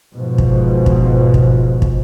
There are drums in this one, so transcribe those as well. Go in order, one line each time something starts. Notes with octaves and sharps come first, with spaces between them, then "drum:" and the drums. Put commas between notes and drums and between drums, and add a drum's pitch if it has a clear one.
G#2 B2 F3 G#3
drum: kick
drum: kick
drum: kick
drum: kick